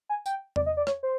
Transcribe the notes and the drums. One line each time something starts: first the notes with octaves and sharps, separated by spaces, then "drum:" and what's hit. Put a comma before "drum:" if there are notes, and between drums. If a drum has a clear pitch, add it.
G#5
G5, drum: tambourine
D5, drum: tom E2
D#5
D5
C#5, drum: rim click
C5